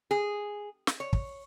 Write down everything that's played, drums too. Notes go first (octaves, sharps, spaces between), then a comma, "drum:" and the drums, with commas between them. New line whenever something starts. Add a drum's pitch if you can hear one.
G#4
drum: snare
C#5
drum: kick